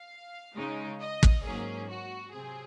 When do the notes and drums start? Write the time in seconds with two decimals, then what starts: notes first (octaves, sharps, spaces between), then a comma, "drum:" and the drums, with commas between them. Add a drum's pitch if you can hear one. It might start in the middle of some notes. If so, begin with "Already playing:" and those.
Already playing: F5
0.56 C#3 G#3 D#4
1.01 D#5
1.23 drum: kick
1.45 G#2 F#3 A#3 C#4 G#4
1.89 F#4
2.34 C3 F#3 C4 G#4